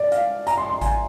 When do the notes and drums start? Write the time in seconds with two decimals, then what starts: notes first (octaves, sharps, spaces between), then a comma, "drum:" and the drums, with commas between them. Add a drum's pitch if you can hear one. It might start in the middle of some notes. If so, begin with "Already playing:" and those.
Already playing: D5
0.12 F5, drum: hi-hat
0.47 A#5, drum: hi-hat
0.57 C6
0.69 C6
0.81 G#5, drum: kick G#1, hi-hat